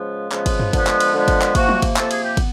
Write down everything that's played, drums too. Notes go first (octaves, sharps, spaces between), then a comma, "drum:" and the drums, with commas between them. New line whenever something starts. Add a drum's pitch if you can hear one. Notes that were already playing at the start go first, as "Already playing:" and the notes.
Already playing: C#3 F3 G#3 B3
C#3 F3 G#3 B3, drum: clap
drum: kick, cymbal
drum: tom F#2
D3 F3 G#3 B3, drum: kick, cymbal
drum: clap
drum: cymbal
D3 F3 G#3 B3
drum: kick, cymbal
drum: clap
C3 F3 A#3 F#4, drum: kick, cymbal
drum: tom
drum: kick, cymbal
C3 F3 A#3 A4, drum: clap
G#4, drum: cymbal
G4
B3, drum: kick, cymbal